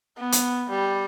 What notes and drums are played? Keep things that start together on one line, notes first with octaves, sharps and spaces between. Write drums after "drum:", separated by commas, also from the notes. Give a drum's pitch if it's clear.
B3
drum: hi-hat
G3